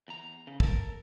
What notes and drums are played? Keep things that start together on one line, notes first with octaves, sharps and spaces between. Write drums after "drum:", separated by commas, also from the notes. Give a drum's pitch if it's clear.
E2 A#5
C#3
A4 A#4, drum: kick